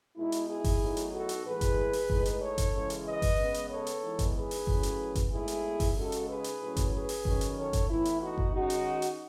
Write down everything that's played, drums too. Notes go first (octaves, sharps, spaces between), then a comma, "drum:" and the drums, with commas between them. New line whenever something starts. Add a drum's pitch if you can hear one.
B2 G#3 D#4 E4
drum: hi-hat
E4 G#4
drum: kick G1, open hi-hat
A2 F#3 B3 D#4
drum: hi-hat
F#4 A4
drum: hi-hat
A2 E3 G#3 G#4 B4
drum: kick G1, hi-hat
drum: open hi-hat
A2 G#3 D#4, drum: kick G1
drum: hi-hat
A4 C#5
drum: kick G1, hi-hat
C#3 E3 G#3
drum: hi-hat
B4 D#5
drum: kick G1, open hi-hat
C#3 G#3 B3
drum: hi-hat
A4 C#5
drum: hi-hat
E3 G#3 B3 D#4
drum: kick G1, hi-hat
G#4 B4
drum: open hi-hat
A2 F#3 C#4, drum: kick G1
drum: hi-hat
drum: kick G1, hi-hat
A2 G#3 B3 D#4 E4 G#4
drum: hi-hat
drum: kick G1, open hi-hat
C#3 G#3 D#4 F#4 A4
drum: hi-hat
G#4 B4
drum: hi-hat
A2 F#3 C#4
drum: kick G1, hi-hat
G#4 B4
drum: open hi-hat
D#3 F#3 C#4, drum: kick G1
drum: hi-hat
A4 C#5
drum: kick G1, hi-hat
A2 E3 B3 E4
drum: hi-hat
D#4 F#4
drum: kick G1
D#3 G#3 C#4 D#4 F#4
drum: hi-hat
drum: hi-hat